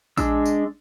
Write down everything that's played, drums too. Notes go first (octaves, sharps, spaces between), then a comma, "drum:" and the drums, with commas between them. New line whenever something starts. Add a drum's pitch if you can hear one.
G#3 D4 E6, drum: kick A1, tambourine
drum: tambourine